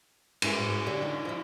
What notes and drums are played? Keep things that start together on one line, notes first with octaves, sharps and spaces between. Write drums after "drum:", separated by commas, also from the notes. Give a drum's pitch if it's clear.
G2 G#3 E4, drum: cymbal
G#2
D3 G4 C#5
D#4 F4
F3 E4